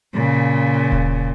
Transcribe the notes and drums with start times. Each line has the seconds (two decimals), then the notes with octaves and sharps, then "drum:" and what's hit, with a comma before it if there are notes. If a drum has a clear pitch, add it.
0.14 A#2 C#3
0.92 drum: kick E1